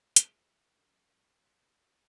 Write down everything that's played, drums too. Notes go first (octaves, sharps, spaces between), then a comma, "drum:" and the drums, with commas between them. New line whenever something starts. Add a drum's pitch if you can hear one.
F4 G#4 C5 E5, drum: hi-hat
C#3 F#3 A#4
C#5 F5 B5 C6 F#6 G#6